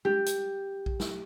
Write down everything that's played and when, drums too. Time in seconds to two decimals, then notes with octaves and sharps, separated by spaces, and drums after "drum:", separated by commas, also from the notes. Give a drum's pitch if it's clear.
0.05 G4, drum: tom G#3
0.26 drum: hi-hat
0.86 drum: kick A#1
1.00 drum: snare